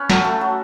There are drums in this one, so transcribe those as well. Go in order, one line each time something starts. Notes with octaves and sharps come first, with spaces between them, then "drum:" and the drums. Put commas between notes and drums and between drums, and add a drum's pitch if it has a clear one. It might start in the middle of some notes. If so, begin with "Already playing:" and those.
Already playing: C#4 B4
F#3 A4, drum: snare
A3
F#3